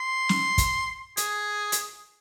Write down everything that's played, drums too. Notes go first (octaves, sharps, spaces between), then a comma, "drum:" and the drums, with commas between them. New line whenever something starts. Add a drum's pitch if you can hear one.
C6
drum: snare
drum: kick, hi-hat
G#4, drum: hi-hat
drum: hi-hat